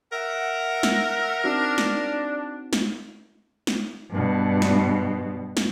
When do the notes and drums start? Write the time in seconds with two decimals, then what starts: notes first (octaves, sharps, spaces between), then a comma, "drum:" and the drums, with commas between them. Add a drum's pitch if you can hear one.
0.12 A#4 E5 F#5
0.83 drum: snare
1.44 C4 D4 D#4 F#4
1.78 drum: snare
2.73 drum: snare
3.67 drum: snare
4.10 G2 B2
4.62 drum: snare
5.57 drum: snare